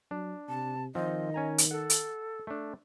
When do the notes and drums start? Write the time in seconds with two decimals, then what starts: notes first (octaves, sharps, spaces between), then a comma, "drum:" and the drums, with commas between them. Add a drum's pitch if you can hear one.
0.11 F#3 D4
0.49 C3 A5
0.95 D#3 F3 C4 D#5
1.34 C#4 G#5 A#5
1.58 drum: hi-hat
1.71 A4 F#5
1.90 drum: hi-hat
2.47 A3 D4